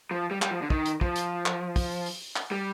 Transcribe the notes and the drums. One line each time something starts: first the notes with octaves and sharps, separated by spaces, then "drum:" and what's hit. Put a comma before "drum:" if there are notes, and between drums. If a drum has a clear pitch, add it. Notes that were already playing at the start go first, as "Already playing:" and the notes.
F3
G3
G3, drum: clap
F3
D3
D#3, drum: kick
drum: hi-hat
F3, drum: kick
drum: hi-hat
drum: clap
drum: kick, open hi-hat
drum: open hi-hat
drum: clap
G3